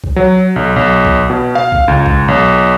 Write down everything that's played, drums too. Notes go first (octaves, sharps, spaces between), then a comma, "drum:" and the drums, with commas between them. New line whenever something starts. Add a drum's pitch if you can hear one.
drum: kick B1
F#3
B1
B1
drum: kick B1
B2
F5
drum: kick B1
C#2
drum: kick B1
B1